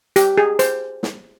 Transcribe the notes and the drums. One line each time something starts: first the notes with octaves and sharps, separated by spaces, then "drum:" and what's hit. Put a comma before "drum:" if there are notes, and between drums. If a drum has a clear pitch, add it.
G4, drum: hi-hat
G#4
C5, drum: hi-hat
drum: snare